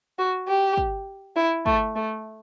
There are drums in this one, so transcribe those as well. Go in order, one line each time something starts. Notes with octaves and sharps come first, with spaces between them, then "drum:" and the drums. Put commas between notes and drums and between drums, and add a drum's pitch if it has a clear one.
F#4
G4
drum: kick
E4
A3, drum: kick
A3